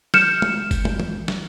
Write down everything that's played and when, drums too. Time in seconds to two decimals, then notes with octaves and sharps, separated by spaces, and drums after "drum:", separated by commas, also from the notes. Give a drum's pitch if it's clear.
0.14 F6 G6 C#7 E7, drum: snare
0.42 drum: tom
0.71 drum: kick F#1, tambourine
0.85 drum: tom
1.00 drum: tom
1.28 drum: snare